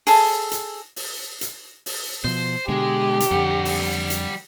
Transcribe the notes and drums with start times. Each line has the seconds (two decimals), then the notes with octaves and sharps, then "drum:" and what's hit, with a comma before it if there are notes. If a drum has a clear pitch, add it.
0.07 G#4 A4, drum: open hi-hat
0.52 drum: hi-hat
0.96 drum: open hi-hat
1.41 drum: hi-hat
1.86 drum: open hi-hat
2.24 B2 F3 C5
2.68 B2 D3 G#3 G4
3.20 drum: hi-hat
3.31 F2 D3 G3 F#5
3.65 drum: open hi-hat
4.10 drum: hi-hat